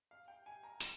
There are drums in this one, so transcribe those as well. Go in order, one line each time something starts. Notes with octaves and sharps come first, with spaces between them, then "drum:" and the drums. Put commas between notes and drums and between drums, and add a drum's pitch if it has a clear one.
F5
G5
G#5
A#5
C6, drum: hi-hat